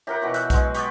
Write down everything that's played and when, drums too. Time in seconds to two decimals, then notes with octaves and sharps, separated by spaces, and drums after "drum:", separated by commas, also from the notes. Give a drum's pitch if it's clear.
0.07 F4 G4 A#4 C#5 E5 F#5
0.22 B2 E3 F#4
0.34 E6 F#6 G6, drum: hi-hat
0.50 F#3 G#3, drum: kick B1, hi-hat
0.75 G4 C#6 D#6 A6, drum: hi-hat